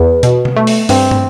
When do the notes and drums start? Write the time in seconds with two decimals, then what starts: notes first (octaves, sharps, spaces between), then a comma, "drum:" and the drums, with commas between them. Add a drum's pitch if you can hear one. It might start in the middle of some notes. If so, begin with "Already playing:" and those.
Already playing: E2 B3
0.23 B2, drum: hi-hat
0.45 drum: tom B2
0.56 A3
0.67 drum: open hi-hat
0.89 G2 C4, drum: open hi-hat
1.11 drum: tom